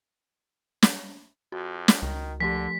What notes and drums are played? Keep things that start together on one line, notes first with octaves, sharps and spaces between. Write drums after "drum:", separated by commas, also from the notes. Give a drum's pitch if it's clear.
drum: snare
F2 F#4
drum: snare
C#2 D#3
D3 F3 A3 G4 B6